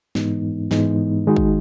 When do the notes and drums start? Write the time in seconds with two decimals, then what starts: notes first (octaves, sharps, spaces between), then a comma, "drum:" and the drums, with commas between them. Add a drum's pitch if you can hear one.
0.15 G#2 E3 G#3 B3 D#4, drum: snare
0.71 G#2 E3 G#3 B3 D#4, drum: snare
1.27 D#3 G#3 D#4 F#4
1.36 drum: kick